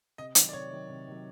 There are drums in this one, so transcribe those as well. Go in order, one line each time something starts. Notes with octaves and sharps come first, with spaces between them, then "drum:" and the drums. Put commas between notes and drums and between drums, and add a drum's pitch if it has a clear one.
C3 D#5
D#3 F#3, drum: hi-hat
D5
C3 C#5
D#3 F#3
C3
D#3 F#3